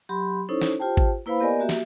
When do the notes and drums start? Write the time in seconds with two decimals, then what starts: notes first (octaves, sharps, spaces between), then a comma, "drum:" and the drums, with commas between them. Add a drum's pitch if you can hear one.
0.09 F#3 G4 B5 C6
0.49 C#4 D#4 E4 A4 C5 C#5
0.62 drum: snare
0.79 F4 G4 C5 G5 A5
0.97 drum: kick G#1
1.26 A#3 E4 B4 C5 F5 B5
1.40 B3 G4 A#4 D5 D#5 G#5
1.60 A#3 F#4 G4 E5
1.69 drum: snare